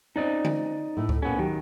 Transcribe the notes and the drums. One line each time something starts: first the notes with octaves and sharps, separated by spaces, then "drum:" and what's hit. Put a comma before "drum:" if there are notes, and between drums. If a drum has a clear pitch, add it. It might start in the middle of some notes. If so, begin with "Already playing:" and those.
C4 C#4 D#4 D5 D#5
drum: tom D3
A2 A3
drum: kick C#2
A#2 B3 C#4 A4
D#3 F#3 G4